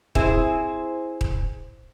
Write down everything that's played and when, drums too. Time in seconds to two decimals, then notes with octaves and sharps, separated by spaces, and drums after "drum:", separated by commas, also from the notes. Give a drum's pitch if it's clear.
0.15 C4 E4 G#4 C5, drum: kick D#1
1.21 drum: kick D#1